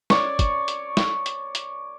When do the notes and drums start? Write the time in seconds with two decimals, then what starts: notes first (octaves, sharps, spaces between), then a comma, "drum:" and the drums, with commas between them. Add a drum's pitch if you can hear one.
0.10 C#5 D5, drum: snare
0.39 drum: kick, hi-hat
0.68 drum: hi-hat
0.97 drum: snare
1.26 drum: hi-hat
1.55 drum: hi-hat